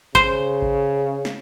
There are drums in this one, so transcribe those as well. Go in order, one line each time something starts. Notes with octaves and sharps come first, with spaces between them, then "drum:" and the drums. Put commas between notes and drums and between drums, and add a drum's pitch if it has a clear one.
C#3 C5, drum: kick G#1
drum: kick G#1
drum: snare